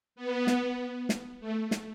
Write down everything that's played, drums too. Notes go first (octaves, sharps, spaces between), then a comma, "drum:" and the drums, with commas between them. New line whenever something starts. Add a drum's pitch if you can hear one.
B3
drum: snare
drum: snare
A3
drum: snare